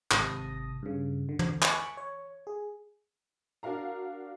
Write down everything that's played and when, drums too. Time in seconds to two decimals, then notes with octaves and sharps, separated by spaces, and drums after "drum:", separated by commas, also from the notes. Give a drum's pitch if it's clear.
0.11 G#1 C3 A5 D#6 A#6, drum: clap
0.83 G2 C#3
1.29 D3
1.39 drum: tom
1.62 G#5 B5 C#6 D6 F#6, drum: clap
1.97 C#5
2.47 G#4
3.63 D4 F#4 A#4 F5 A#5